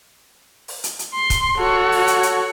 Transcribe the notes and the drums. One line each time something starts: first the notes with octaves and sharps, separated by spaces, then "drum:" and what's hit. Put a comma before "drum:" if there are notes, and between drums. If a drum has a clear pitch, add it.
drum: open hi-hat
drum: hi-hat
drum: hi-hat
C6
drum: kick, hi-hat
F#4 A4 C#5
drum: open hi-hat
drum: hi-hat
drum: hi-hat